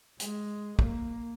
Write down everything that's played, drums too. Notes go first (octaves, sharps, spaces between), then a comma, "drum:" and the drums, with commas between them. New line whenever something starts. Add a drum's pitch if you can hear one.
G#3, drum: hi-hat
A#3, drum: kick